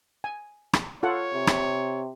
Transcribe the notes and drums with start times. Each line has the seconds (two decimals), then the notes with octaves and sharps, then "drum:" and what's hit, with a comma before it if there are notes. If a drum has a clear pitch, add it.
0.24 G#5
0.73 drum: rim click
1.03 F4 A4 C#5 F#5
1.34 C3
1.47 drum: rim click